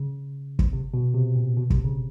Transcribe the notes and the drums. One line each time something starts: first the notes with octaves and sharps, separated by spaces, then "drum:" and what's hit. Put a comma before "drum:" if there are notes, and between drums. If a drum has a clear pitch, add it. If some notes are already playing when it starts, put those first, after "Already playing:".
Already playing: C#3
drum: kick
C3
B2
C3
A#2
B2
C3, drum: kick
C#3